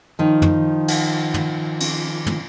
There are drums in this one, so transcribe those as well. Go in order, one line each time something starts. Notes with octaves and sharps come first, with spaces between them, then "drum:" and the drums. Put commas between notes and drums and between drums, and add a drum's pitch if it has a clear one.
D#3 F3
drum: tom F#2
drum: cymbal
drum: tom
drum: cymbal
drum: tom